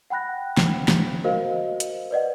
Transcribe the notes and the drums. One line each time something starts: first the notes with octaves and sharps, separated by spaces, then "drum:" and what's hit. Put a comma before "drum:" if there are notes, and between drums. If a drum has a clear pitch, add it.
F#5 G5 B5 F#6 A#6
drum: snare
drum: snare
F#4 A#4 C5 D#5 F5
drum: hi-hat
B4 D5 D#5 F#5